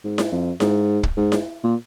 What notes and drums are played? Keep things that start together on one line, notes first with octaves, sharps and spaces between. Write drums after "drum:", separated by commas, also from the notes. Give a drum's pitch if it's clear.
G#2
drum: snare E4
F2
G#2, drum: snare E4
drum: kick
G#2
drum: snare E4
A#2